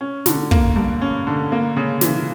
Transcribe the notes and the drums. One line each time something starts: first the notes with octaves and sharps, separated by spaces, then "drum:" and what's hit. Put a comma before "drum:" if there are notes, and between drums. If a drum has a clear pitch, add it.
C#4
D3, drum: snare
A#3, drum: kick
G2
C#4
D3
A#3
C#3
E3, drum: snare